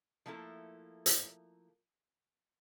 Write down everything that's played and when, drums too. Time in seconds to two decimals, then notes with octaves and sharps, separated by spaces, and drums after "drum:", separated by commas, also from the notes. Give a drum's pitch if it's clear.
0.26 F3 A3 A#3 E4 A4
1.06 drum: hi-hat